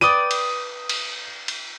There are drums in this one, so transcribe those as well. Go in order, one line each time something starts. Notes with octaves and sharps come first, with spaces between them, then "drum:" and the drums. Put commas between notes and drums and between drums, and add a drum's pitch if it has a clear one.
B4 D5 G5 D#6 D#7
drum: cymbal
drum: cymbal
drum: cymbal